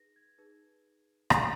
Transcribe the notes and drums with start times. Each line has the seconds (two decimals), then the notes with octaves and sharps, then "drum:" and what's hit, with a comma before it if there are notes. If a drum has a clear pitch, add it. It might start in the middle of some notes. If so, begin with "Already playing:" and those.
Already playing: D#4 G#4 B4 A#6
0.16 G#6
0.38 D#4 G#4 B4
1.30 D#4 G#4 B4, drum: rim click